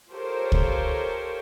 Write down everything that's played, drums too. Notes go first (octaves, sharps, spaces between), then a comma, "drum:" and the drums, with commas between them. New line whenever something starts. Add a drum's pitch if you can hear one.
F4 G4 A4 A#4 C5 C#5
drum: kick